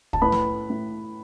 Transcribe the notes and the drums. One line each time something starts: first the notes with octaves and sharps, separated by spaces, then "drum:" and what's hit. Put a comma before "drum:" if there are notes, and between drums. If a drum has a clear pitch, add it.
A5, drum: kick
A2 B4 B5
drum: snare
A2